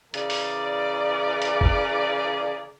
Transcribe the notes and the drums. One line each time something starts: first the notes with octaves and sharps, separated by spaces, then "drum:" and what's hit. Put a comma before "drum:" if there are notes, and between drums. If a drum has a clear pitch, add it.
C#3 E3 A#4 D5, drum: hi-hat
drum: open hi-hat
drum: hi-hat
drum: kick